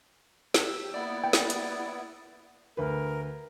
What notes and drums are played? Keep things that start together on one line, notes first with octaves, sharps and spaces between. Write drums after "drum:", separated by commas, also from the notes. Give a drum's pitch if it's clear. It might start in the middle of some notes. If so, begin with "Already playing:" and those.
G4 E6, drum: snare
A#3 B3 E4 D5 F#5
G5
drum: snare
drum: hi-hat
D2 A#4 B4